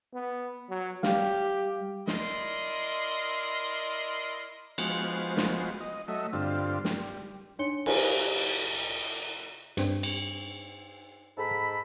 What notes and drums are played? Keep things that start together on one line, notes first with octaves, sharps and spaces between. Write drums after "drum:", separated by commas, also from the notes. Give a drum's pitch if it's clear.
B3
F#3
G3 G4 F5, drum: snare
E4 A#4 D5 D#5 C6, drum: snare
F3 G#3 B3 F#4 C5, drum: cymbal
drum: snare
D#5
F#3 A3 D#5 E5
G2 D3 C4 F4
G3, drum: snare
D4 D#4 C#5 C6 C#7 G7
G4 G#4 B4 C5 F5 G#5, drum: cymbal
G2 C4, drum: hi-hat
drum: cymbal
G#2 A4 B5